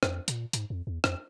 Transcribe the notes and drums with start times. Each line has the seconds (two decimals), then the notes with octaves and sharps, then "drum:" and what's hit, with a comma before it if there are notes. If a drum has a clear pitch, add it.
0.03 F2, drum: rim click
0.28 A#2, drum: hi-hat
0.53 G#2, drum: hi-hat
0.70 F2
0.87 E2
1.04 F2, drum: rim click